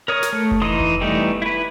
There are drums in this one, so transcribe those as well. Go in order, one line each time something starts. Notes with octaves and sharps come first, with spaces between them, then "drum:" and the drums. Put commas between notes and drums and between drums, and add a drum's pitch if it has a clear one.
A#4 C#5 D#6
drum: snare
A3
drum: kick F1
E3 D#4 C6 D#6
drum: kick F1
E3 G3 A3 B3 D#4
E4 B4